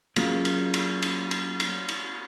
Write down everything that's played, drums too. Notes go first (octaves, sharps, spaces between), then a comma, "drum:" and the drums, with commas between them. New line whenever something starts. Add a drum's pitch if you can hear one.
F#3 A#3 C#4 F4 G#4, drum: cymbal
drum: cymbal
drum: cymbal
drum: cymbal
drum: cymbal
drum: cymbal
drum: cymbal